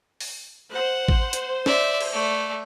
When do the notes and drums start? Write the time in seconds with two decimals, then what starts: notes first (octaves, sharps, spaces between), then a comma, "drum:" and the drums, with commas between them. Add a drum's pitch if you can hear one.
0.21 drum: open hi-hat
0.72 C5 F#5
1.08 drum: kick G#1
1.33 drum: hi-hat
1.66 D5 E5, drum: snare
2.01 drum: cymbal
2.12 A3 D5